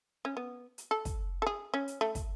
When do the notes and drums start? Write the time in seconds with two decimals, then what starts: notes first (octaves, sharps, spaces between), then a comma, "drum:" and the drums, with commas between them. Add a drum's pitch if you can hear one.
0.25 C#4
0.37 B3
0.78 drum: hi-hat
0.91 A4
1.05 drum: kick, hi-hat
1.42 A4
1.47 G#4
1.74 C#4
1.88 drum: hi-hat
2.01 A3
2.15 drum: kick, hi-hat